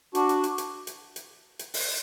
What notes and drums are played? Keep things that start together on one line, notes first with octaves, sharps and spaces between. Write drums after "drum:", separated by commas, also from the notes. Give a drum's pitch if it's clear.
D4 F#4, drum: hi-hat
drum: hi-hat
drum: hi-hat
drum: hi-hat
drum: hi-hat
drum: hi-hat
drum: hi-hat
drum: open hi-hat